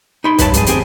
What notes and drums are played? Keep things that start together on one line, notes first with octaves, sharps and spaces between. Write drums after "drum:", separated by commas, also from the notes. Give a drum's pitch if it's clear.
D#4 B5 C6
G2 B4 C#5 A5, drum: kick B1, hi-hat
F2 G#2 G#4, drum: hi-hat
D#2 C4 G4 G#4, drum: hi-hat